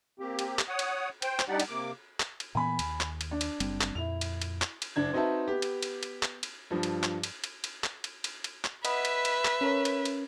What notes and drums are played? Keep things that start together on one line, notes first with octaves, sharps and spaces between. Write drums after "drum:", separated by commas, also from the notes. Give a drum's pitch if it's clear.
A#3 C4 G4
drum: cymbal
drum: clap
C#5 F#5 D#6
drum: cymbal
C5 G5, drum: cymbal
drum: clap
G3 D4 D#4 G4 D5 F#5
drum: cymbal
C3 A#3 D6
drum: clap
drum: cymbal
A#2 E3 B3 G#5 B5
D#2, drum: cymbal
drum: clap
drum: cymbal
D4
drum: cymbal
F#1 G3 C4, drum: cymbal
drum: clap
F2 A#2 E4 F7
drum: cymbal
drum: cymbal
drum: clap
drum: cymbal
F#1 D4 G#6
C4 D#4 F#4 B4 E5 A5
B3 G4
drum: cymbal
drum: cymbal
drum: cymbal
drum: clap
drum: cymbal
G2 F3
drum: cymbal
drum: clap
drum: cymbal
drum: cymbal
drum: cymbal
drum: clap
drum: cymbal
drum: cymbal
drum: cymbal
drum: clap
B4 D#5 E5 F#5 B5, drum: cymbal
drum: cymbal
drum: cymbal
drum: clap
C#4 A#4 C#5
drum: cymbal
drum: cymbal